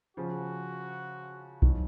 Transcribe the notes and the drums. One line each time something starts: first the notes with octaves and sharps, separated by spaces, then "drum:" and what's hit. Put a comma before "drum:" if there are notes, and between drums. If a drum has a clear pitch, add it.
C#3 F3 F#4
D#3 F#3, drum: kick B1